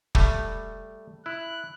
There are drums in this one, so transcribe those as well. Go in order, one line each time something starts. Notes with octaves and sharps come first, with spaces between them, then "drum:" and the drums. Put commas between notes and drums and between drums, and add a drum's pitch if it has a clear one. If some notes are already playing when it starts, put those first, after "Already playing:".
G3 A3, drum: kick
E4 F#6